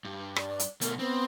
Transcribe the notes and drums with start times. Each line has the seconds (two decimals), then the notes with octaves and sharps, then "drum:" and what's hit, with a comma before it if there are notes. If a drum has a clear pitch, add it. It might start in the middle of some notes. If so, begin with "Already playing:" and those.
0.05 G2
0.36 D5, drum: rim click
0.59 drum: hi-hat
0.81 B2 A3 A#4, drum: hi-hat
0.99 B3 C4